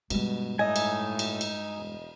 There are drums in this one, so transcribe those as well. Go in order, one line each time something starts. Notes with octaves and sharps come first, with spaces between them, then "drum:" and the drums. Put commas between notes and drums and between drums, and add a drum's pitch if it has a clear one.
G2 B2 G#3, drum: cymbal
A2 D#4 D#5 E5 G#5
drum: cymbal
drum: cymbal
drum: cymbal
E1